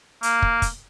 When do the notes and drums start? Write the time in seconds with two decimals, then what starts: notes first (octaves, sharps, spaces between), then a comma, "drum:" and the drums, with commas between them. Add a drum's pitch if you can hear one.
0.23 A#3, drum: hi-hat
0.42 drum: kick
0.62 drum: kick, hi-hat